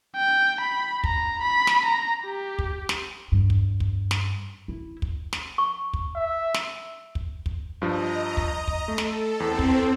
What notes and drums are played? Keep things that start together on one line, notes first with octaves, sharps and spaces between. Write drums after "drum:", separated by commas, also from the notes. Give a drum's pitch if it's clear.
G5
B5
A#5, drum: kick
B5
drum: snare
A#5
G4
drum: kick
drum: snare
G2
drum: kick
drum: kick
drum: snare
E4
drum: kick
drum: snare
C#6
drum: kick
E5
drum: snare
drum: kick
drum: kick
G2 F3 D#5 A#5
drum: kick
drum: kick
A3 A4
drum: snare
E2 C4
drum: kick